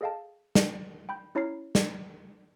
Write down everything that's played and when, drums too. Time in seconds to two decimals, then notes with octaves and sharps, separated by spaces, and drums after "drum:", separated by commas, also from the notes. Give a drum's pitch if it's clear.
0.01 G#4 A4 D#5 F5 G5 A5
0.55 drum: snare
1.09 G5 B5 G6
1.35 C#4 E4 C#5 A#5 F6 C7
1.75 drum: snare